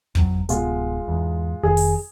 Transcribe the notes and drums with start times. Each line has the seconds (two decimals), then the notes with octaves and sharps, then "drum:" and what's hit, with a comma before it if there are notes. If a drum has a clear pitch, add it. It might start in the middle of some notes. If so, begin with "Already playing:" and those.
0.15 C2 F2 F#3, drum: kick
0.49 D1 C3 G#3 B3 F4, drum: hi-hat
1.08 E2 G#2
1.63 F1 F2 D#3 G#4
1.77 drum: open hi-hat